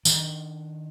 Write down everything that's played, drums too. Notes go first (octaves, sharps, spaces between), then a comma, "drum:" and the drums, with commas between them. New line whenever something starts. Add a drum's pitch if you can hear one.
D#3 D4, drum: tambourine